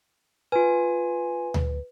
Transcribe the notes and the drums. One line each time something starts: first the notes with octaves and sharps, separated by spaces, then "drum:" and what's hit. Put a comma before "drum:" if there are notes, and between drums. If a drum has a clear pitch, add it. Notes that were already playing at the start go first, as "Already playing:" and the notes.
F4 B4 G#5
drum: tom D2